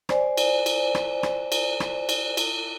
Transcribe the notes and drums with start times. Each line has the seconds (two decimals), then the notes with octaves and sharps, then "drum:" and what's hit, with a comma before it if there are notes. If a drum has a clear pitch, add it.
0.09 C5 D5 G#5, drum: rim click
0.37 drum: cymbal
0.66 drum: cymbal
0.95 drum: rim click
1.23 drum: rim click
1.52 drum: cymbal
1.80 drum: rim click
2.09 drum: cymbal
2.37 drum: cymbal